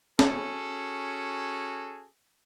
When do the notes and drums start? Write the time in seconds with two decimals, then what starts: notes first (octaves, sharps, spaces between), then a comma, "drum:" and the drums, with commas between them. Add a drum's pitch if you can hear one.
0.19 C#4 F#4 G#4 A4, drum: snare